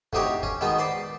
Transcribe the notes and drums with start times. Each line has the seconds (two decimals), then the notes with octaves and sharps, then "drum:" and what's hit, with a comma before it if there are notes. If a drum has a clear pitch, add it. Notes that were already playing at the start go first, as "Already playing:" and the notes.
0.13 D2 A2 C4 D#4 G4 C#5, drum: kick
0.43 C#4, drum: kick
0.61 B2 D#3 G#3 B3 D#4
0.79 B4 C5 D5